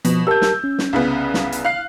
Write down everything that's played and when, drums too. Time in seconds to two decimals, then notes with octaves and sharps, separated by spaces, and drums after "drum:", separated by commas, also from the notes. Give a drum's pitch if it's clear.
0.05 B2 F3, drum: hi-hat
0.27 G4 A#4 A5 E6 G6
0.42 drum: snare
0.64 C#4
0.79 drum: snare
0.93 C2 C#3 B3
1.34 drum: snare
1.52 drum: hi-hat
1.65 F5 F#6 C7